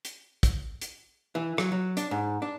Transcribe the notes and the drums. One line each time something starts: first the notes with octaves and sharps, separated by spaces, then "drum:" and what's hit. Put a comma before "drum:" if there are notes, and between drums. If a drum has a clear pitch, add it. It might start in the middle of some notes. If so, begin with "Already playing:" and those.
drum: hi-hat
drum: kick, hi-hat
drum: hi-hat
E3
F#3, drum: rim click
F#3
D4, drum: hi-hat
G#2
D4